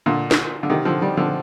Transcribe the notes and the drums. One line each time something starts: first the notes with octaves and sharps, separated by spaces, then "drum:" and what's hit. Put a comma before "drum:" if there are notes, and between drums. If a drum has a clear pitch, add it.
A#2 D3
drum: snare
D3
C3 D#3
D3 F3
D#3 G3
D3 F3